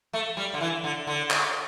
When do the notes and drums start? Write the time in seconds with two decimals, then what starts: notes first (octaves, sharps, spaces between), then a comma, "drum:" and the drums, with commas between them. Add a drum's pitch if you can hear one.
0.13 A3
0.37 G3
0.54 D3
0.61 E3
0.84 D3
1.07 D3
1.30 drum: clap